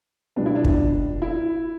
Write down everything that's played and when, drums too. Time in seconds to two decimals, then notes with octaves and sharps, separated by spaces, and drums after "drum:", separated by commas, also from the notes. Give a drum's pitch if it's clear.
0.36 C#2 B2 G3 B3 D4
0.46 E4
0.55 D4
0.65 drum: kick
1.22 E4